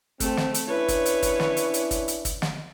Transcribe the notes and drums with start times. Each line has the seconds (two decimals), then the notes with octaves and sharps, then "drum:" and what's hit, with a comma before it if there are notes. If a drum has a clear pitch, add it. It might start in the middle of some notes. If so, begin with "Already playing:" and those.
0.20 A3 C4, drum: kick, hi-hat
0.37 drum: snare
0.54 drum: hi-hat
0.67 C#4 D4 E4 B4 C#5
0.88 drum: kick, hi-hat
1.06 drum: hi-hat
1.23 drum: kick, hi-hat
1.40 drum: snare
1.57 drum: hi-hat
1.74 drum: hi-hat
1.91 drum: kick, hi-hat
2.08 drum: hi-hat
2.25 drum: kick, hi-hat
2.42 drum: snare